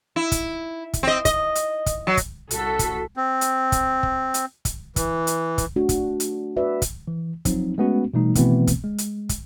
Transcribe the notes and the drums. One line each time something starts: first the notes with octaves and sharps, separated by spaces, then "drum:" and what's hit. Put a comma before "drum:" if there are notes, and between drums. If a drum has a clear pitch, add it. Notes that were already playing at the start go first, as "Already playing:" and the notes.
E4
drum: kick, hi-hat
drum: kick, hi-hat
C4 D#5
D#5, drum: kick, hi-hat
drum: hi-hat
drum: kick, hi-hat
F#3
drum: kick, hi-hat
C2 F#4 A4 B6, drum: hi-hat
drum: kick, hi-hat
C4
drum: hi-hat
drum: kick, hi-hat
drum: kick
drum: hi-hat
drum: kick, hi-hat
E3, drum: kick, hi-hat
drum: hi-hat
drum: kick, hi-hat
A3 D4 F#4
drum: kick, hi-hat
drum: hi-hat
F#4 B4 D5 E5
drum: kick, hi-hat
E3
F3 F#3 C4 D#4, drum: kick, hi-hat
G#3 A3 B3 C#4 F#4
B2 E3 G3 A3 D#4
B2 D#3 E3 A3 B3 C4, drum: kick, hi-hat
drum: kick, hi-hat
G#3
drum: hi-hat
drum: kick, hi-hat